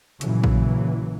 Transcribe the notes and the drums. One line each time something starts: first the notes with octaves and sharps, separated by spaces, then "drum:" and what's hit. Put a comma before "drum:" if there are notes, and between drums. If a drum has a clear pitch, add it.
A#2 C#3 E3 F#3, drum: hi-hat
drum: kick A#1